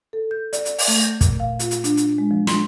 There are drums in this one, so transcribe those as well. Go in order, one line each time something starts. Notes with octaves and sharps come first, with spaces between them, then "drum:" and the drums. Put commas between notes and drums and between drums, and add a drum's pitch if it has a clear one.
A4
G6
D5, drum: hi-hat
drum: hi-hat
drum: open hi-hat
A3
G6
A#2, drum: kick, hi-hat
F5
F4, drum: hi-hat
drum: hi-hat
D4, drum: hi-hat
drum: hi-hat
G#3
F3
C6, drum: snare